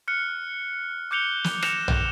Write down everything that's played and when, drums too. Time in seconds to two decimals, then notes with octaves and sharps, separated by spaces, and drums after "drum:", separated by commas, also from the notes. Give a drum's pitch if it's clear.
0.08 F6 F#6 C#7
1.11 D6 F#6 G6 C#7 F7 G7
1.44 drum: snare
1.62 A#6 C#7 E7 F7, drum: rim click
1.88 drum: tom A#1